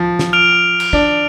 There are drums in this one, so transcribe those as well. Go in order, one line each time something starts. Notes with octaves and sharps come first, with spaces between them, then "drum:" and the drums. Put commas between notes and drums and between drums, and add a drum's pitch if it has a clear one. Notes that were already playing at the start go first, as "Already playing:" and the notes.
Already playing: F3
drum: snare
F6 D7 F7
drum: cymbal
D4, drum: kick